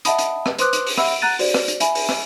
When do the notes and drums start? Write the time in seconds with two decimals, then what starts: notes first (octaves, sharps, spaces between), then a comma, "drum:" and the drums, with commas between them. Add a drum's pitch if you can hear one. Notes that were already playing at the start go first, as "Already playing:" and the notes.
0.05 D#5 E5 F#5 A5 B5 D#6, drum: hi-hat
0.19 drum: hi-hat
0.46 drum: rim click
0.59 B4 C5 C6 D6 D#6 F#6, drum: hi-hat
0.73 drum: hi-hat
0.86 drum: open hi-hat
0.97 E5 F#5 B5 E6, drum: rim click
1.22 F#5 A#5 F#6 A6 D#7
1.39 F#4 C5 D5, drum: open hi-hat
1.54 drum: rim click
1.68 drum: hi-hat
1.80 E5 G#5 B5, drum: hi-hat
1.95 drum: open hi-hat
2.09 drum: rim click